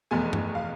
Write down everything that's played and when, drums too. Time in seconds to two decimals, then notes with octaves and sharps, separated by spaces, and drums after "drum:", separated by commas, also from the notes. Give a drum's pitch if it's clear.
0.11 F1 E2 B2 A3 G#5
0.33 drum: tom G2
0.55 F5